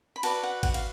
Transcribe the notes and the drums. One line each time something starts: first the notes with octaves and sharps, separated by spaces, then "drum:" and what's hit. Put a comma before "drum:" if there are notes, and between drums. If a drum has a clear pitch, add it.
B5
F#4 B4 D5 A5, drum: cymbal
F#5
F#5, drum: kick G#1, cymbal
F5, drum: cymbal